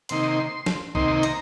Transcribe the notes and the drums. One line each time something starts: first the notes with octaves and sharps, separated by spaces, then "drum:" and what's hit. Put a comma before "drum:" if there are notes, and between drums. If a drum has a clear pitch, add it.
C3 D#3 A#3 D#4 C6, drum: hi-hat
drum: snare
C3 D#3 A#3 D#4 C6, drum: kick B1
A#5, drum: hi-hat